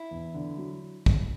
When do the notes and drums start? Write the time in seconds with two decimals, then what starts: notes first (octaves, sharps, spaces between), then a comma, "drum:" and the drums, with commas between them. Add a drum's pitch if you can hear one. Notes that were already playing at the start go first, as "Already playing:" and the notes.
Already playing: E4
0.11 E2
0.34 D3
0.57 F#3
1.06 drum: kick